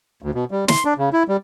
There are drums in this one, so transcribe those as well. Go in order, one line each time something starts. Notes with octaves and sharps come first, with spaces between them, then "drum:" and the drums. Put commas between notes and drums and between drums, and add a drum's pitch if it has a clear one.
D2
B2
G3
C6, drum: snare
D4
C#3
E4
G3